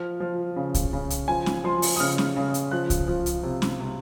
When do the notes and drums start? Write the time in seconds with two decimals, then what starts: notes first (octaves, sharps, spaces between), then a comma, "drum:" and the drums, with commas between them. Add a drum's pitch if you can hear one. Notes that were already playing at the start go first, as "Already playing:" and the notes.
Already playing: F3 F6
0.20 F3
0.56 C#3
0.74 drum: kick C2, hi-hat
0.93 C#3
1.10 drum: hi-hat
1.28 F3 G#5
1.46 drum: snare C#4
1.64 F3 C6
1.82 drum: open hi-hat
1.96 D#6
2.00 C#3 F6
2.18 drum: snare C#4
2.36 C#3
2.54 drum: hi-hat
2.71 F3 F#6
2.90 drum: kick C2, hi-hat
3.08 F3
3.26 drum: hi-hat
3.43 C3
3.62 drum: snare C#4
3.80 C3